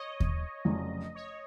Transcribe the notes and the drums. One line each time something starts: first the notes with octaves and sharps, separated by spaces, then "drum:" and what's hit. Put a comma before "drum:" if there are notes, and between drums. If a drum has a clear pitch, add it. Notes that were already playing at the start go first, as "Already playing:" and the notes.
Already playing: C#5 D#5
drum: kick D#2
F1 F2 C#3 F#3 C#4
C#5